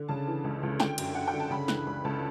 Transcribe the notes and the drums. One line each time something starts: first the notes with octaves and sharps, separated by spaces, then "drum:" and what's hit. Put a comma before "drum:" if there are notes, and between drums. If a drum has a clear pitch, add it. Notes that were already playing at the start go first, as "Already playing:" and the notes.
Already playing: D3
C#3 A5
E3
C#2
C#2
D3 G5, drum: snare
F#2, drum: cymbal
F#2 F#5
G5
D3
A5
C#3 B5
E3 F#6, drum: snare
C#2 B5
C#2 A5